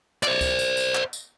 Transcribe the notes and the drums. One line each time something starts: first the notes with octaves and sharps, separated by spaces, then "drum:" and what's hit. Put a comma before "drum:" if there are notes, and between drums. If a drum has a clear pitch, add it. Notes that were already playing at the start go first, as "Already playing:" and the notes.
C5 D5, drum: clap
drum: kick, tambourine
drum: tambourine
drum: tambourine
drum: clap
drum: tambourine